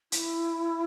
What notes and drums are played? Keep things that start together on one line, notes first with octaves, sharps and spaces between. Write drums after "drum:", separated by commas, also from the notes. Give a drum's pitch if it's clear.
E4, drum: hi-hat